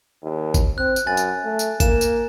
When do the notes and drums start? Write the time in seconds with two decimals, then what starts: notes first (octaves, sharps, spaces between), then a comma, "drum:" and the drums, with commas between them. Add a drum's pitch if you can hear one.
0.23 D#2
0.54 drum: kick G#1, tambourine
0.78 C4 F#6
0.96 drum: tambourine
1.07 F#2 G#5 A6
1.17 drum: tambourine
1.45 A3
1.59 drum: tambourine
1.80 A#3 E7, drum: kick G#1, tambourine
2.01 drum: tambourine